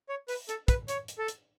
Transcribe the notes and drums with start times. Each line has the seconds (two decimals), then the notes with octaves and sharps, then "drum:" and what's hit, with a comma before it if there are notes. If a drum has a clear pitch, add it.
0.09 C#5
0.28 B4, drum: open hi-hat
0.49 A4, drum: hi-hat
0.68 B4, drum: kick, hi-hat
0.88 C#5, drum: hi-hat
1.08 drum: hi-hat
1.18 A4
1.28 drum: hi-hat